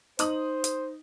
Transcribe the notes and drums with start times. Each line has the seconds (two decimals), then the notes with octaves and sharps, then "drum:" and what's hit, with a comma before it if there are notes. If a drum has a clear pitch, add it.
0.19 D#4 C5 D#6 F#7, drum: hi-hat
0.64 drum: hi-hat